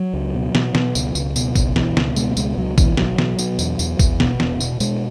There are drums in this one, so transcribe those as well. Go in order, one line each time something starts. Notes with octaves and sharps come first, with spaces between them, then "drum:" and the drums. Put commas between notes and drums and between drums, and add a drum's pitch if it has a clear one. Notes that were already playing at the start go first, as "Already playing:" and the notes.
Already playing: F#3
C#2
B2
B2, drum: snare
B2, drum: snare
C#2, drum: tambourine
C#2, drum: tambourine
B2, drum: tambourine
C#2, drum: kick, tambourine
B2 E3, drum: snare
C#2, drum: snare
B2 G#3, drum: tambourine
B3
C#2 G#3, drum: tambourine
C#2 F#3
B2 E3, drum: kick, tambourine
B2 F#3, drum: snare
B2, drum: snare
B2, drum: tambourine
E2, drum: tambourine
E2, drum: tambourine
E2, drum: kick, tambourine
B2 B3, drum: snare
E1, drum: snare
B2, drum: tambourine
B2 G#3, drum: tambourine